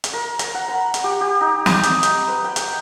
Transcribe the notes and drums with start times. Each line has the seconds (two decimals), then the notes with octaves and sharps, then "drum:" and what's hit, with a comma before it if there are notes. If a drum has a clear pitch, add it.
0.04 drum: hi-hat
0.13 A#4
0.39 A#5, drum: hi-hat
0.54 F#5
0.68 B5
0.94 drum: hi-hat
1.04 G4
1.21 G4
1.41 D#4
1.66 drum: snare
1.83 B5, drum: hi-hat
2.03 D#5, drum: hi-hat
2.28 B4
2.44 G5
2.56 G5, drum: hi-hat